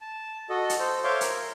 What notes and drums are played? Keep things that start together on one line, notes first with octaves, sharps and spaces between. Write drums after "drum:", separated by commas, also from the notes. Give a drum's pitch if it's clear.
A5
F#4 A4 D#5
drum: hi-hat
A4 C5
C5 C#5 E5 F5 C6 D6
A#4, drum: hi-hat